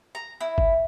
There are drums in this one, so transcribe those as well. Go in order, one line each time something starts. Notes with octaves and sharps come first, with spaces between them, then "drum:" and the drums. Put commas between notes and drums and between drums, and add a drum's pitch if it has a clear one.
A#5
E4
drum: kick G1